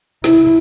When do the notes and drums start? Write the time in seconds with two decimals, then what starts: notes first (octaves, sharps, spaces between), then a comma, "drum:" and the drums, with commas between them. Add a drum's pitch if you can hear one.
0.24 E4, drum: snare